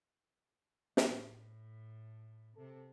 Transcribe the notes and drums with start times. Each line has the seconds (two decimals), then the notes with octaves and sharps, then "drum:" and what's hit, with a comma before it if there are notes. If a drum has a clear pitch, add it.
0.97 A2, drum: snare
2.57 C3 A4